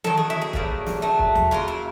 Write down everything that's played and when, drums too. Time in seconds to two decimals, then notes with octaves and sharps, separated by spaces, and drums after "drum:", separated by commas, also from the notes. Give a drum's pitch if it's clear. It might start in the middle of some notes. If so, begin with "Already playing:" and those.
0.04 D#3 F#3 A#3 A4, drum: tom D#3
0.18 G#4
0.30 E4
0.42 G#4
0.53 A2 E3 G3 A#3, drum: kick
0.86 drum: snare
1.02 D#3 F#3 A3
1.19 drum: kick
1.35 drum: tom D#2
1.51 C#3 F#3 A#3 F4
1.68 E4